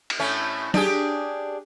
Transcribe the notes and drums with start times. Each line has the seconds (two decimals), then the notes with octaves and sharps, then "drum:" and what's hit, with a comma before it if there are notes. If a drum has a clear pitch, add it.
0.10 drum: cymbal
0.20 A2 A3 C#4
0.74 D4 G4 G#4, drum: snare